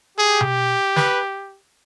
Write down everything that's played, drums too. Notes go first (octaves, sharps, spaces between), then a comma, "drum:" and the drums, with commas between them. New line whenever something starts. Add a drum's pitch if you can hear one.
G4 G#4
drum: tom B2
B4, drum: snare